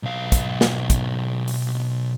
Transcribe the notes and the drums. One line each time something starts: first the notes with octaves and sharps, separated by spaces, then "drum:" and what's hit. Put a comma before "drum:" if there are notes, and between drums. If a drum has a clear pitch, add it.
B1 F5
drum: kick, hi-hat
drum: snare
drum: kick, hi-hat
drum: open hi-hat